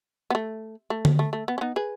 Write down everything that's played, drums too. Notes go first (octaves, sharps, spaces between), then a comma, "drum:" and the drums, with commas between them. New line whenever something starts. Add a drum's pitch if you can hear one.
B3
A3
A3
drum: tom D3
A3
A3
B3
C#4
B3 D#4
G#4 B4